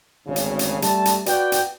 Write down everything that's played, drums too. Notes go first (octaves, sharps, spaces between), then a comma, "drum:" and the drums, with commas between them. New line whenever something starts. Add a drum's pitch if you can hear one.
G#1 D2 C#3
drum: hi-hat
drum: hi-hat
G3 A3 A5, drum: hi-hat
drum: hi-hat
F#4 B4 D5 G5, drum: hi-hat
drum: hi-hat